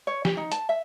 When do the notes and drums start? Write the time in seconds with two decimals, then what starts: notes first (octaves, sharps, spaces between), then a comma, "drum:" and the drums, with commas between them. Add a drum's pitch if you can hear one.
0.07 C#5
0.25 G4, drum: snare
0.37 D#4
0.52 A5, drum: hi-hat
0.69 E5